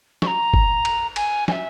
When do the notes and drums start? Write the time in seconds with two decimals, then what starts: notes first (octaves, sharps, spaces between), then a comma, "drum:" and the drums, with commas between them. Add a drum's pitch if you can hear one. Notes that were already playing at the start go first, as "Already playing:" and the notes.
0.22 C#6, drum: snare
0.27 A#5
0.54 drum: kick
0.85 drum: cymbal
1.16 G#5, drum: cymbal
1.48 G#5, drum: snare
1.52 E5